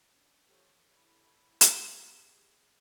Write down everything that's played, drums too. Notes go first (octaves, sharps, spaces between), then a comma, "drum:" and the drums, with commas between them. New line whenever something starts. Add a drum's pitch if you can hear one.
C#4 D4
F3 G4 A4 C#5
D3 E4 G4 C#5 A5 B5
drum: hi-hat
G4 G#4